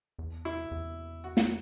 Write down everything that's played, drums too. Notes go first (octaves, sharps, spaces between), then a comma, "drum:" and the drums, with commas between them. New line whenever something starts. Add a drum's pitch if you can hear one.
E2
E4
E2
F#4
drum: snare